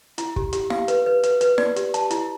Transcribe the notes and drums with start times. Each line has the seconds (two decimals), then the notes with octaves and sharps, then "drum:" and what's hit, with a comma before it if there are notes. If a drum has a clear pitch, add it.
0.18 E4, drum: hi-hat
0.36 G4, drum: kick
0.53 G4, drum: hi-hat
0.70 F5, drum: snare
0.88 B4, drum: hi-hat
1.06 B4
1.23 B4, drum: hi-hat
1.41 B4, drum: hi-hat
1.58 D5, drum: snare
1.76 G4, drum: hi-hat
1.94 A5, drum: hi-hat
2.11 E4, drum: hi-hat